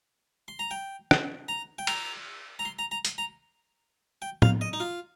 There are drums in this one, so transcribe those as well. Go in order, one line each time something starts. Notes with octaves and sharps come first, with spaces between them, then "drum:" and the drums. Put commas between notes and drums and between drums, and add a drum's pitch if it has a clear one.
C6
A#5
G5
drum: rim click
A#5
G5
A#5, drum: cymbal
A#5
C6
A#5
A#5
C6, drum: hi-hat
A#5
G5
F5, drum: tom
D#5
D#4
F4